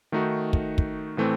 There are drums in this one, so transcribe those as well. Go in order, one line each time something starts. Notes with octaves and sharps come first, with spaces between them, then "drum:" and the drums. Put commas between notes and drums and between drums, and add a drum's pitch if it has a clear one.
D#3 A3 D#4 F#4
drum: kick
drum: kick
A2 E3 A3 C4